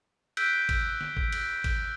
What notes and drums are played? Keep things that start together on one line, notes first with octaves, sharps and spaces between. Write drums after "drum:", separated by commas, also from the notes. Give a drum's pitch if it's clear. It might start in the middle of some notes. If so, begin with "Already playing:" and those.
E6 F#6 G6 B6 D7 G7, drum: cymbal
drum: kick, cymbal
drum: snare
drum: kick
drum: cymbal
drum: kick, cymbal